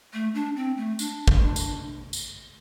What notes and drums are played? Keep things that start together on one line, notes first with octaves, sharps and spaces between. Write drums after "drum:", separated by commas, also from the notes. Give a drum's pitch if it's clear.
A3
D4
C4
A3
D4, drum: tambourine
drum: kick
D4
drum: tambourine
drum: tambourine